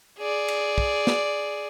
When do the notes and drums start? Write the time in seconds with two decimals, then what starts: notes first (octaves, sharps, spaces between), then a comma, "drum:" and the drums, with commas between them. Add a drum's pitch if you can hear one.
0.19 G#4 D5
0.48 drum: cymbal
0.78 drum: kick
1.07 drum: snare